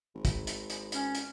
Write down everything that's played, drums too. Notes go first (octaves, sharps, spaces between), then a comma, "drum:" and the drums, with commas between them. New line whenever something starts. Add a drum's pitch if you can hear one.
G#1
drum: kick, hi-hat
drum: hi-hat
drum: hi-hat
C#4, drum: hi-hat
drum: hi-hat